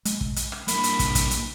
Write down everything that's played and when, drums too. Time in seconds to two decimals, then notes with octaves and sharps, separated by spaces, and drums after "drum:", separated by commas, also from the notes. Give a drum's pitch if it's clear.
0.05 G#3, drum: hi-hat
0.21 drum: kick
0.36 drum: hi-hat
0.52 drum: rim click
0.68 G2 A#3 B5, drum: hi-hat
0.84 drum: hi-hat
0.99 drum: kick, hi-hat
1.15 drum: kick, hi-hat
1.31 drum: hi-hat